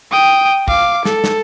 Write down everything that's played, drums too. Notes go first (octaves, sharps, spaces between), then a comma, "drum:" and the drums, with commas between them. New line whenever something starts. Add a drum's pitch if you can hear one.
G5 D#6
F5 D6, drum: kick
A4, drum: snare
drum: snare